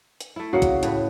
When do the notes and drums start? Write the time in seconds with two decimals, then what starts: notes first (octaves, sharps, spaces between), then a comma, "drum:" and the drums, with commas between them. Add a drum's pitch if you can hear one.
0.20 drum: hi-hat
0.36 A3 E4
0.53 C#3 A#3 F#4 F#5
0.62 drum: kick B1, hi-hat
0.83 A2 B4, drum: hi-hat